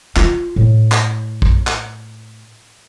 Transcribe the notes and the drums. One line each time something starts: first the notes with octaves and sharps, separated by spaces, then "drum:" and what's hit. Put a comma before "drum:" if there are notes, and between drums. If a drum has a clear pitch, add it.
F4, drum: clap
A2
drum: clap
drum: kick A#1
drum: clap